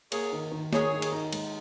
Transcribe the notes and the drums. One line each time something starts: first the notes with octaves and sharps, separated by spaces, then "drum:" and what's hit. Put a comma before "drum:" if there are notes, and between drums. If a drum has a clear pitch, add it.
A#3 G#4 C#5, drum: cymbal
D#3
D#3
A#3 G#4 C#5, drum: snare
D#3
drum: cymbal
D#4
G#3, drum: cymbal